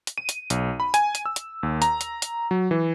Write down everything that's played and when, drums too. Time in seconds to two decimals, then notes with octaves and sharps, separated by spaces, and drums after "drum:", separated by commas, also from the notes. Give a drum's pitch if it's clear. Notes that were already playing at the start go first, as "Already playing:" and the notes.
0.07 drum: hi-hat
0.18 D#7
0.29 drum: hi-hat
0.50 B1, drum: hi-hat
0.80 B5
0.94 G#5, drum: hi-hat
1.15 drum: hi-hat
1.26 E6
1.36 drum: hi-hat
1.63 D#2
1.82 A#5, drum: hi-hat
2.01 drum: hi-hat
2.22 drum: hi-hat
2.51 F#3
2.71 E3